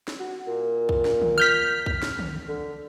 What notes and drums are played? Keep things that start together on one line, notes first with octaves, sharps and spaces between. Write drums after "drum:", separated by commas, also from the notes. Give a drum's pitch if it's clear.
drum: snare
F#4
A#2
drum: kick C2
drum: snare
drum: tom D3
F6 G6 B6
drum: kick C2
drum: snare
drum: tom D3
D3